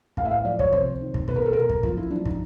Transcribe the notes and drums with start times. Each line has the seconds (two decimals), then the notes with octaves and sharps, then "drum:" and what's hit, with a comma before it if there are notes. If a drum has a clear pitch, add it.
0.17 A2 F5, drum: kick
0.25 E5
0.31 F5
0.45 F3 D5
0.59 C#5, drum: kick
0.73 C3 C5, drum: kick
1.01 D#3
1.14 drum: kick
1.28 B2 B4, drum: kick
1.36 A#4
1.45 A4
1.53 B2 A#4
1.70 drum: kick
1.83 F3 F4, drum: kick
1.97 E4
2.10 F3 D4
2.25 D#4, drum: kick